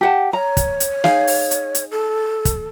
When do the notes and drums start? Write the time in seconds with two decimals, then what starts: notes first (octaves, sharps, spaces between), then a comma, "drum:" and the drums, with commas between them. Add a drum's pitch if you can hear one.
0.01 G4 F#5 A5
0.33 C#5 A#5
0.57 drum: kick, hi-hat
0.80 drum: hi-hat
1.04 D#4 G#4 F5, drum: snare
1.27 drum: open hi-hat
1.51 drum: hi-hat
1.75 drum: hi-hat
1.91 A4
2.45 drum: kick, hi-hat